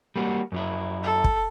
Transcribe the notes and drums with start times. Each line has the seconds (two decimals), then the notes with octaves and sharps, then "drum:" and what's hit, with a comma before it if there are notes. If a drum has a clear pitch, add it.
0.16 G3 A#3 F#4
0.52 F#2 F#3 E4
1.03 A4
1.24 drum: kick